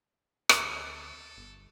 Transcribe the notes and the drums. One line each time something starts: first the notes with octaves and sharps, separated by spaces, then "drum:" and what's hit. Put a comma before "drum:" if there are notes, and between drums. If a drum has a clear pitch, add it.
D2, drum: rim click
A4
G1